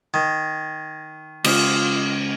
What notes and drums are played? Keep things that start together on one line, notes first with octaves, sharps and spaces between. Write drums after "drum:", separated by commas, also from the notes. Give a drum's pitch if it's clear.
D#3 G#6 A#6
C#2 F4 D6 D#6 F6, drum: cymbal